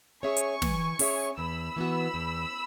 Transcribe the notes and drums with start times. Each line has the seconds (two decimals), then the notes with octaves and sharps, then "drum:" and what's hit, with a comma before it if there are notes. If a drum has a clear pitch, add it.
0.23 C#4 G#4 C#5 E5 G#5 C#6
0.36 drum: hi-hat
0.62 E3, drum: snare
0.99 C#4 G#4 C#5 E5, drum: open hi-hat
1.38 E2 B5 E6
1.76 E3 B3 F#4
2.14 E2